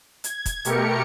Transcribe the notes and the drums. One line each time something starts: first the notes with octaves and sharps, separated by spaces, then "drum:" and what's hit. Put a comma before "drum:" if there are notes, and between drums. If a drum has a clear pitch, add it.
G#6, drum: hi-hat
drum: kick, hi-hat
B2 A3 G4 A#4 C#7, drum: hi-hat